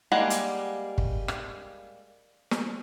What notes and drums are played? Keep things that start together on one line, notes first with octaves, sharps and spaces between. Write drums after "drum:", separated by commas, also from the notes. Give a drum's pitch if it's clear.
G3 G#3 A#3 F#5
drum: hi-hat
drum: kick
drum: rim click
drum: snare